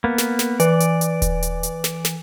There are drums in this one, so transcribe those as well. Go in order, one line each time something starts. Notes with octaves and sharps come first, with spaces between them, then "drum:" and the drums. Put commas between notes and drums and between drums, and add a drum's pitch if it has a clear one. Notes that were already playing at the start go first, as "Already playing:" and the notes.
A#3 B3
drum: snare
drum: snare
E3 D5, drum: hi-hat
drum: hi-hat
drum: hi-hat
drum: kick D#1, hi-hat
drum: hi-hat
drum: hi-hat
drum: snare
drum: snare